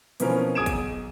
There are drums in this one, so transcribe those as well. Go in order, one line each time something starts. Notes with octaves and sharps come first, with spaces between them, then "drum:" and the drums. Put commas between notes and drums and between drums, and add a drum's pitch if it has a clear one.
B2 E3 F3 C4 C#4 A#4, drum: hi-hat
B1 G#4 D#6 G#6 D7 E7
drum: kick, hi-hat